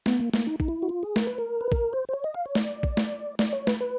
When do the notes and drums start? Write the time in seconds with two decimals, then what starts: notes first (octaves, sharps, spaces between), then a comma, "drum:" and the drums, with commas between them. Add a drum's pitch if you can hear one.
0.06 B3, drum: snare A3
0.19 A#3
0.34 A#3, drum: snare A3
0.47 D#4
0.60 D#4, drum: kick
0.68 E4
0.82 F#4
0.89 F4
1.03 G#4
1.16 A#4, drum: snare A3
1.27 B4
1.39 A#4
1.61 B4
1.72 A#4, drum: kick
1.93 C5
2.09 C5
2.13 C#5
2.24 D#5
2.34 F5
2.46 C#5
2.55 D5, drum: snare A3
2.83 drum: kick
2.97 drum: snare A3
3.39 D5, drum: snare A3
3.53 C#5
3.67 B4, drum: snare A3
3.80 B4